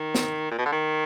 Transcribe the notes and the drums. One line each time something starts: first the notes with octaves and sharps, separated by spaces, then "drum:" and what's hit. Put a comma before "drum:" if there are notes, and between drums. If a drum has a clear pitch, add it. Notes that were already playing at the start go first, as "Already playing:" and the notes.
Already playing: D#3
drum: snare
A#2
B2
D3
D#3